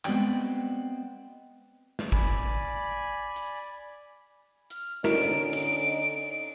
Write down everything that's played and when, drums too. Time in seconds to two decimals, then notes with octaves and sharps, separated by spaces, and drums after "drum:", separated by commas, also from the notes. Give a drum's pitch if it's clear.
0.05 G#3 B3 C4 F#4 D5 G5, drum: clap
1.99 drum: snare
2.12 D5 G#5 B5, drum: kick G#1
3.36 drum: hi-hat
4.70 F6, drum: hi-hat
5.04 D3 C#4 D#4 E4 F#4 A#4 D7, drum: snare
5.53 drum: cymbal